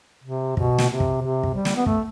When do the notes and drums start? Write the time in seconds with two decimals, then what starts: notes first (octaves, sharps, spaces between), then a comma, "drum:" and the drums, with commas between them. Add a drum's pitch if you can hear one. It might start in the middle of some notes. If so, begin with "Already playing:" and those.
0.24 C3
0.57 B2, drum: kick
0.78 drum: snare
0.89 C3
1.00 drum: kick
1.22 C3
1.43 drum: kick
1.55 G3
1.65 drum: snare
1.76 B3
1.86 A3, drum: kick